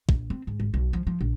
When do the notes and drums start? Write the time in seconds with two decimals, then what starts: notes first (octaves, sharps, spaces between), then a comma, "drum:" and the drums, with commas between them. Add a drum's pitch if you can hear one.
0.09 A#1, drum: kick
0.30 C4
0.47 G#2
0.60 G#1
0.74 B1
0.93 F3
1.07 F3
1.21 A#1